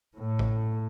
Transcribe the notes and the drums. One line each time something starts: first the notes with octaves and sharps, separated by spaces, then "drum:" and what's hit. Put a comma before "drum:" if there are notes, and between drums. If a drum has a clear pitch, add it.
A2
drum: kick A1